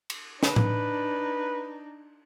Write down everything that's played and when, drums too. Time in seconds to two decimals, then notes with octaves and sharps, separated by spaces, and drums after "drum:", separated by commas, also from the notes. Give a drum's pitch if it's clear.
0.10 drum: cymbal
0.43 D4 D#4 B4, drum: snare
0.56 drum: tom A2